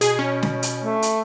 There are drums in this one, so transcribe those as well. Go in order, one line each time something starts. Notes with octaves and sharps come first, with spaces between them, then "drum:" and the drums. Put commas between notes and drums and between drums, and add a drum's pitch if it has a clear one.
B2 G#4, drum: hi-hat
C#4
drum: snare
drum: hi-hat
A3
drum: hi-hat